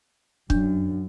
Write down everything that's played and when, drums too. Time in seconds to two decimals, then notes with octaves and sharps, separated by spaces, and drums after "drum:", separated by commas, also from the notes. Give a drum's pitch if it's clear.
0.50 F#2 D4, drum: kick C#1